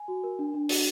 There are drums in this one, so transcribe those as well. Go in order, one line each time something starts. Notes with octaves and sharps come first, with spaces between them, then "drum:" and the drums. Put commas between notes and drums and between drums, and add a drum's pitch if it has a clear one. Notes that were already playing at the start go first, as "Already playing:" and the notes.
Already playing: G#5
F#4
A#4
D4
D4
F#4, drum: open hi-hat